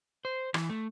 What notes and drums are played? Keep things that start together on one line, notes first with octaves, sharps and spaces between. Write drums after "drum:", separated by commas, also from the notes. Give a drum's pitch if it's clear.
C5
E3, drum: rim click
A3